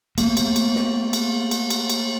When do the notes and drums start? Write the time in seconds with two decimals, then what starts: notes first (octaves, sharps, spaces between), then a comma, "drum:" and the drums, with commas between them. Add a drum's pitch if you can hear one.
0.18 A3 A#3, drum: cymbal
0.37 drum: cymbal
0.56 drum: cymbal
0.75 drum: snare
1.13 drum: cymbal
1.51 drum: cymbal
1.70 drum: cymbal
1.90 drum: cymbal